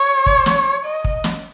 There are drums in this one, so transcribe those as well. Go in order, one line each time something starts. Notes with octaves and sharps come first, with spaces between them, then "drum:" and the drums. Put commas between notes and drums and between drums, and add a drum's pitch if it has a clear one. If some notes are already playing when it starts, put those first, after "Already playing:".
Already playing: C#5
drum: kick
drum: snare
D#5
drum: kick
drum: snare